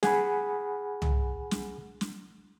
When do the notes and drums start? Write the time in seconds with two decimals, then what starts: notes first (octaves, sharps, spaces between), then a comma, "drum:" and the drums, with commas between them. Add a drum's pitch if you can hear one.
0.03 G#4 F#5 G#5 B5, drum: snare
1.02 drum: tom
1.51 drum: snare
2.01 drum: snare